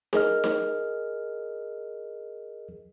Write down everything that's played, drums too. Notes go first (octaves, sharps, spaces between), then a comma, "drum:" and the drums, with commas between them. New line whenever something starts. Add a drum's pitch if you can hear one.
G#4 A#4 D#5 F6, drum: snare D#4
drum: snare D#4